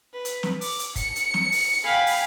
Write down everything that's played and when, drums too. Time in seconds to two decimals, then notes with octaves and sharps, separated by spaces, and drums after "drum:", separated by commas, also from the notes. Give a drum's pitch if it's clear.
0.13 B4
0.25 drum: hi-hat
0.43 drum: snare
0.61 D6, drum: open hi-hat
0.79 drum: hi-hat
0.96 C#7, drum: kick, hi-hat
1.16 drum: hi-hat
1.34 drum: snare
1.52 drum: open hi-hat
1.84 F5 G5 G#5 B5
2.06 drum: open hi-hat